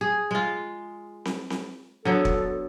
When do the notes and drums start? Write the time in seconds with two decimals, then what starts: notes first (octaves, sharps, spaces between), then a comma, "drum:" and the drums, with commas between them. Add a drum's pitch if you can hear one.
0.01 G#4
0.31 G#3 F4
1.25 drum: snare C4
1.50 drum: snare C4
2.05 D3 F#3 B3 A4
2.25 drum: kick